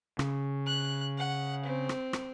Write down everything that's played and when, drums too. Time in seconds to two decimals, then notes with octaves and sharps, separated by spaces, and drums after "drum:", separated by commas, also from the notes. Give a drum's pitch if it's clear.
0.19 C#3, drum: rim click
0.67 F#6
1.18 F#5
1.65 C4
1.89 drum: rim click
2.13 drum: rim click